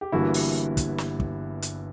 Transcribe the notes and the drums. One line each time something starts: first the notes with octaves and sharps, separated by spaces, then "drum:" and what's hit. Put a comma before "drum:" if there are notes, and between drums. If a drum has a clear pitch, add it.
G4
G1 G2 E3 G3 A#3 E4 F#4
drum: open hi-hat
drum: kick, hi-hat
drum: snare
drum: kick
drum: hi-hat